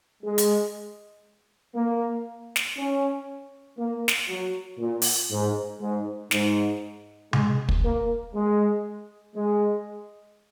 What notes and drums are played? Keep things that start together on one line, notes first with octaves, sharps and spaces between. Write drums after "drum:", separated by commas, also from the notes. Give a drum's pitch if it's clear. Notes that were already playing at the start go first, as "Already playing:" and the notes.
G#3
drum: hi-hat
A#3
drum: snare
C#4
A#3
drum: snare
F#3
A#2
drum: open hi-hat
G#2
G#2
G#2, drum: snare
G#3, drum: tom C3
drum: kick
A#3
G#3
G#3